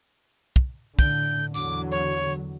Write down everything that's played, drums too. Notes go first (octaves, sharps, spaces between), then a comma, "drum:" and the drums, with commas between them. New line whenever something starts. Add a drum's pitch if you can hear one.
drum: kick
A2 D3 G6, drum: kick
E2 D3 F#3 D6, drum: tambourine
C#5